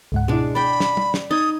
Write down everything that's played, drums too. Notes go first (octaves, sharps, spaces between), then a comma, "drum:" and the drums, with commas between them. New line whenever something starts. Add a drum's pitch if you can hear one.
C#2 G#2 F#5
B2 G#3 D4 E4
D5 G5 B5
drum: snare
drum: tom
drum: snare
D#4 D#6 G#6 A6